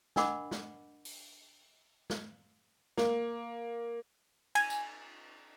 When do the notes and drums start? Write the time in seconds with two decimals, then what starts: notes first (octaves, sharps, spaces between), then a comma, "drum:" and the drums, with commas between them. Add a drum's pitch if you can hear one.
0.16 D4 A#4 D#5 F#5 B5 D6, drum: snare
0.51 drum: snare
1.05 drum: open hi-hat
2.10 drum: snare
2.98 A#3, drum: snare
4.55 G#5, drum: cymbal
4.70 drum: tambourine